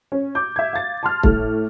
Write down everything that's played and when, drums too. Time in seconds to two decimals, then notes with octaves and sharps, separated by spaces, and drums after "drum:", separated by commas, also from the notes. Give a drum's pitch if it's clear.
0.12 C#4
0.35 D6 G6
0.56 E5 G#6
0.73 F5 A6
1.03 A5 C6 F6
1.23 A2 A3, drum: kick